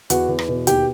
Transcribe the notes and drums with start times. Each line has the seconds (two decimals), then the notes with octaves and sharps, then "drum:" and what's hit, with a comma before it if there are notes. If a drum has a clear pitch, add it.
0.10 E2 F#4 F#5, drum: hi-hat
0.29 E2
0.39 drum: rim click
0.48 B2
0.67 D#2 G4 G5, drum: hi-hat